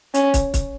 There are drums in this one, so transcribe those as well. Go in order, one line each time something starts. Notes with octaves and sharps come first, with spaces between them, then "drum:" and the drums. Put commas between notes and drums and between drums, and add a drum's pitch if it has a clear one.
C#4, drum: hi-hat
drum: kick, hi-hat
drum: kick, hi-hat